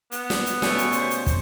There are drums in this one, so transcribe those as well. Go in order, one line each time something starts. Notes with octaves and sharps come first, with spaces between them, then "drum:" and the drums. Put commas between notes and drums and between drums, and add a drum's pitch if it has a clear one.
B3, drum: hi-hat
drum: snare
drum: hi-hat
B2 G3 A3 C#4 G#5 C#6, drum: snare
drum: hi-hat
C5, drum: hi-hat
drum: hi-hat
drum: kick, hi-hat